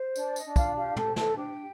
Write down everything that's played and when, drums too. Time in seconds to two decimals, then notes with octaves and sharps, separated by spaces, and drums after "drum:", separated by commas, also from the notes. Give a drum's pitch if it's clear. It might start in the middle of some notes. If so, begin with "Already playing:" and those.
Already playing: C5
0.16 D4 D5, drum: tambourine
0.36 D#5, drum: tambourine
0.46 D4
0.56 F4 F5, drum: kick, tambourine
0.76 F4 G4 F5
0.96 A4 A5, drum: tom
1.07 C5
1.16 A4 A5, drum: snare
1.36 D4 G4 G5